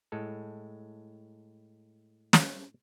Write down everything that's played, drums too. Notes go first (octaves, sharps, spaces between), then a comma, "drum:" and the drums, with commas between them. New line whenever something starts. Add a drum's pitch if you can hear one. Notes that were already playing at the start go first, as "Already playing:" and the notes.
A2 G#3 A4
drum: snare